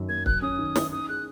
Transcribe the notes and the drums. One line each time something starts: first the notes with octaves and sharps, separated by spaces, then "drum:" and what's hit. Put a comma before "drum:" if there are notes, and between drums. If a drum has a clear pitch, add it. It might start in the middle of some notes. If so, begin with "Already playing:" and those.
Already playing: F#2 D#3 F#3
A#3 G#6
F#3 F#6, drum: kick
C#4 D#6
D#3
D#3, drum: snare
C#4 D#6
G#4 F#6